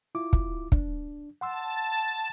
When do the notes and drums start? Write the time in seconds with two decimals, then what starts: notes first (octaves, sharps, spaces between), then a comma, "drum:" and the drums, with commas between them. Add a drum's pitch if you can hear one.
0.15 E4 F4 D6
0.33 drum: kick
0.72 D4, drum: kick
1.41 F#5 A5 C6 E6